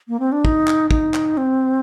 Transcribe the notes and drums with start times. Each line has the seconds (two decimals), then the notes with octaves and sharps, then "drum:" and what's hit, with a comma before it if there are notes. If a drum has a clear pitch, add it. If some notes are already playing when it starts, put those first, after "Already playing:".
0.08 A#3
0.20 C4
0.32 D4
0.45 D#4, drum: kick
0.67 drum: clap
0.91 D#4, drum: kick
1.14 drum: clap
1.37 C4